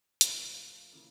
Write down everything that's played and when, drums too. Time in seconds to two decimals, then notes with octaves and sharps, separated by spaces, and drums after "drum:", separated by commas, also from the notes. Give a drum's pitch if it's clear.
0.21 A#2 F3 A3 F5, drum: hi-hat
0.93 C#3 E3 A#3